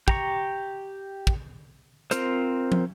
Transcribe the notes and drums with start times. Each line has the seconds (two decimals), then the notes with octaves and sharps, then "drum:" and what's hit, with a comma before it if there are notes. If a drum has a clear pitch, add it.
0.08 G4 A#5 C#6, drum: kick
1.27 drum: kick
2.11 C4 F4 A#4 C5, drum: hi-hat
2.72 drum: tom